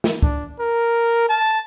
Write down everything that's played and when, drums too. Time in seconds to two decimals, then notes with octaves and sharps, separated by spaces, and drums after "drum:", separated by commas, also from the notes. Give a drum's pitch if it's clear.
0.04 drum: snare
0.22 D4, drum: kick C#2
0.60 A#4
1.29 A5